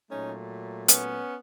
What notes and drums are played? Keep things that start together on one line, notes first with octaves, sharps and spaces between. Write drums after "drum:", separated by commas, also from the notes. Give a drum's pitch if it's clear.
A#2 F#3 A3 C#4 D#4
B3 C#4, drum: hi-hat